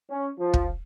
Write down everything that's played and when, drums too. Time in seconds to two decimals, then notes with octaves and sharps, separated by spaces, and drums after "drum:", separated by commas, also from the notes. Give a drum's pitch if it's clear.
0.10 C#4
0.40 F3
0.54 drum: kick